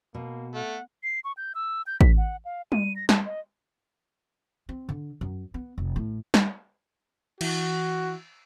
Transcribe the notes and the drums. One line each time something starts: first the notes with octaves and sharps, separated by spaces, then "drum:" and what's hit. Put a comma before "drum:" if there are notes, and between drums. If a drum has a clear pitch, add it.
B2 A#3
A3 F#5
C7
C#6
G6
E6
G6
B6, drum: kick A1
F#5
F5
D#7, drum: tom G3
A#6
A5, drum: snare
D#5
C4
D3
F#2
B3
F1
A1 A2
drum: snare
E3 F#4, drum: cymbal